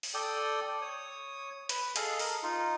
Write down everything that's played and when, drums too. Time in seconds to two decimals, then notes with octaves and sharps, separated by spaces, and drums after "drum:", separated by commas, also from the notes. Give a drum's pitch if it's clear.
0.03 drum: open hi-hat
0.14 A4 D5 G5 D#6
0.81 C#5 D#6
1.69 B4, drum: hi-hat
1.96 G#4 A4 D#5 F5, drum: hi-hat
2.19 A#4, drum: open hi-hat
2.43 D#4 F4